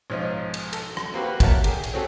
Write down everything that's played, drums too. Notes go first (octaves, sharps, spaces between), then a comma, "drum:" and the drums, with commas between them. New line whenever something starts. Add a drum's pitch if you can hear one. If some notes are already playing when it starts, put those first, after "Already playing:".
B1 G#2 F3 C#4 D#5
drum: cymbal
A4, drum: cymbal
drum: rim click
A#3 C4 F#4 G4 B4
A#4 C#5 E5 F#5 A5 A#5, drum: kick, cymbal
G4 G#4, drum: cymbal
drum: cymbal
A3 C4 C#4 F#4 G#4 A4